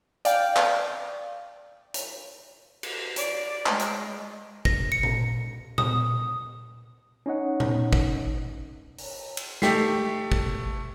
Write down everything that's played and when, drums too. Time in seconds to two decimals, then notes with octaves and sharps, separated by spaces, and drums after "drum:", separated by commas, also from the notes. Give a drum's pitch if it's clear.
0.25 D5 F5 G5, drum: hi-hat
0.56 drum: clap
1.94 drum: hi-hat
2.83 drum: cymbal
3.16 D5, drum: hi-hat
3.66 G#3, drum: clap
3.79 drum: hi-hat
4.65 A#6, drum: kick
4.92 C#7
5.03 drum: tom A#2
5.78 D#6, drum: tom A#2
7.26 C#4 D#4 C#5 D#5 F#5
7.60 drum: tom A#2
7.93 drum: kick
8.98 drum: open hi-hat
9.37 drum: cymbal
9.62 A3 G4 B6 C7, drum: snare
10.32 drum: kick